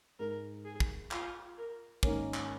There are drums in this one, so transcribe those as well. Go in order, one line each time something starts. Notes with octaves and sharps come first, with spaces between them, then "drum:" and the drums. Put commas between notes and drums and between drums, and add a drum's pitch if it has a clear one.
G#2 G#3 D#4 A#4
G#4
drum: kick
F4, drum: clap
A#4
G#2 D#3 A#3 C#4 A#4, drum: kick
drum: clap